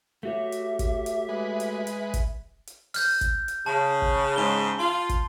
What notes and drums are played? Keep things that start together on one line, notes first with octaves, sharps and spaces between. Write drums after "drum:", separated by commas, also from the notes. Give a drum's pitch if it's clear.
A3 F#4 G4 C#5 E5
drum: hi-hat
drum: kick, hi-hat
drum: hi-hat
G#3 B4
drum: hi-hat
drum: hi-hat
drum: kick, hi-hat
drum: hi-hat
F6 G6, drum: open hi-hat
drum: kick, hi-hat
drum: hi-hat
C#3 A5
drum: kick
G#2 C#3 G7
F4 C6
drum: kick, hi-hat